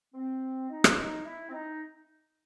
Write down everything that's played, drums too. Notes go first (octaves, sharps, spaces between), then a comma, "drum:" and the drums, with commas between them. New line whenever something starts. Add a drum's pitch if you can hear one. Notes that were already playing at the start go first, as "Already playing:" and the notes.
C4
D#4
drum: rim click
D#4
E4
C4
D#4